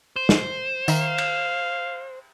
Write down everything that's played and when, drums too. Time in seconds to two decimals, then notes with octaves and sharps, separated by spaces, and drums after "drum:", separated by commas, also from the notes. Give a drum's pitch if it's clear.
0.16 C5
0.29 drum: snare
0.88 D#3 E5 F5 A#5, drum: tambourine
1.18 drum: cymbal